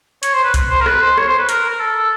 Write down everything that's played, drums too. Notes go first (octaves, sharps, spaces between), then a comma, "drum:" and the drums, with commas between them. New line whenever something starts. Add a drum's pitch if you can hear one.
C#5, drum: hi-hat
C5
B4
drum: kick C2, hi-hat
C5
A#4
B4, drum: rim click
C5
C#5, drum: rim click
C5
B4
A#4, drum: hi-hat
A#4
A4
A4